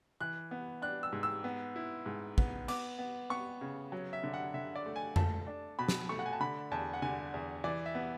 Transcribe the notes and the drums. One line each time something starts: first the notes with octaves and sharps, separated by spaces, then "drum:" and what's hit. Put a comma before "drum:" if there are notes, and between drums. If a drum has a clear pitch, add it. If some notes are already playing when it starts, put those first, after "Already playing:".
E3 F#6
B3
D4 F#6
E6
G#2
E6
B3
E4
G#2
B3, drum: kick
B3 D6, drum: cymbal
B3
B3 C#6
C#3
F#3
E5
D3
F#5
D3 E5
D5
A3
G#5
A3 A5, drum: tom F2
D4
B2 B5
drum: snare
A3 C#6
F#5
G#5
A5
D3 B5
E2 A5
F#5
D3 G#5
E2
E3 D5
E5
B3